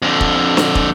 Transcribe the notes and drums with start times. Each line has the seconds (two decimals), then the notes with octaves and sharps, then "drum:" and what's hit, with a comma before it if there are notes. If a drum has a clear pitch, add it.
0.02 F2 D3
0.21 drum: kick
0.57 drum: snare
0.75 drum: kick